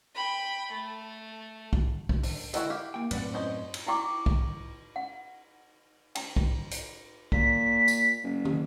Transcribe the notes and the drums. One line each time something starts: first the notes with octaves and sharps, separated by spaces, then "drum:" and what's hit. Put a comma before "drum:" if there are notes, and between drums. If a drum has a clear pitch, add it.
G5 B5
A3
drum: kick
drum: kick
D3, drum: open hi-hat
G#3 E4 F#4 A4 F#5 G5, drum: hi-hat
E4 G4 F5
A#3 G5
F#2 A2 C4 B4 D5 F#5, drum: cymbal
C#4 C5 D#5
drum: cymbal
E4 F#4 G5 C#6 D6
drum: kick
F#5
G5 A5, drum: cymbal
drum: kick
drum: hi-hat
A#2 B6, drum: kick
drum: tambourine
F#1
drum: tom